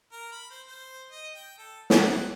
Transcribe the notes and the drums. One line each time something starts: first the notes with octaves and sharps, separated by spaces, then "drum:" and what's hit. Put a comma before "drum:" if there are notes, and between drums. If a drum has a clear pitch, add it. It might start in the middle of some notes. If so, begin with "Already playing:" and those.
A#4
B5
C5
C5
D#5
G5
A4
F#5, drum: snare